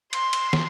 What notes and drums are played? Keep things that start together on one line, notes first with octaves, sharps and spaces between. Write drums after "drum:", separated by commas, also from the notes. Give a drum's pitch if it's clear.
C6, drum: cymbal
drum: cymbal
drum: snare